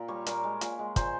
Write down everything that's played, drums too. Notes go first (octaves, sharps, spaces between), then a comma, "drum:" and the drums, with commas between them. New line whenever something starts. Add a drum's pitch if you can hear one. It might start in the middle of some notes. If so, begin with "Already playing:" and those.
Already playing: A#2 F4 A#4
G3 C#5
A#2 A#4, drum: hi-hat
G#3
A#2, drum: hi-hat
G#3
A#2 C5, drum: kick, hi-hat